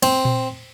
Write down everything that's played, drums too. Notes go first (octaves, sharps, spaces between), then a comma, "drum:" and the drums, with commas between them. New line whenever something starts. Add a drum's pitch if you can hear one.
C4, drum: cymbal
drum: tom A#2